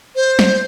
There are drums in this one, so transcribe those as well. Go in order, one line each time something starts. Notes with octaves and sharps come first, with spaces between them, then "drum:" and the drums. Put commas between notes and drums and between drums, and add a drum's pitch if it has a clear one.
C5
drum: snare